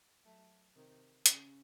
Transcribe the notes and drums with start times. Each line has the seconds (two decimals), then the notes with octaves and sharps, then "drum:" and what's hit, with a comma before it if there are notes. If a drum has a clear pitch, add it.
0.25 F#3 A3
0.76 C3 D#3
1.26 C#3, drum: hi-hat